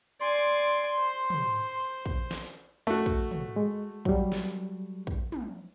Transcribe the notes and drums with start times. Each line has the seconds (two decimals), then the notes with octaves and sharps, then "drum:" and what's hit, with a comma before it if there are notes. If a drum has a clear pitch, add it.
0.21 D5 G#5 C6
0.98 C5
1.30 drum: tom
2.06 drum: kick
2.31 drum: snare
2.87 A3 F#4
3.06 drum: kick
3.31 drum: tom
3.56 G#3
4.05 F#3 G3, drum: kick
4.32 drum: snare
5.07 drum: kick
5.32 drum: tom